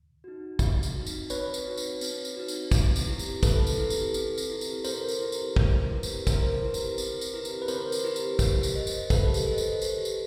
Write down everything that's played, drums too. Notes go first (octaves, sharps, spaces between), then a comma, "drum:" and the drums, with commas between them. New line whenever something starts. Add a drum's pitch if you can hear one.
D#4 F#4
C4, drum: kick, tambourine
drum: tambourine
D#4 F#4
drum: tambourine
C4 B4 C#5, drum: tambourine
drum: tambourine
D#4 F#4
drum: tambourine
C4, drum: tambourine
drum: tambourine
D#4 F#4
drum: tambourine
C4, drum: kick, tambourine
drum: tambourine
E4 G4
drum: tambourine
C4 A4 B4, drum: kick, tambourine
drum: tambourine
E4 G4
drum: tambourine
C4, drum: tambourine
drum: tambourine
E4 G4
drum: tambourine
C4 A#4 C5, drum: tambourine
drum: tambourine
E4 G4
drum: tambourine
C4, drum: kick
E4 G4 B4
drum: tambourine
C4 A#4 C5, drum: kick, tambourine
E4 G4 B4
drum: tambourine
C4, drum: tambourine
drum: tambourine
E4 G4 B4
drum: tambourine
B4
C4 A#4 C5, drum: tambourine
drum: tambourine
E4 G4 B4
drum: tambourine
G4, drum: kick, tambourine
drum: tambourine
C5 D#5
drum: tambourine
G4 A4 B4, drum: kick, tambourine
drum: tambourine
C5 D#5
drum: tambourine
G4, drum: tambourine
drum: tambourine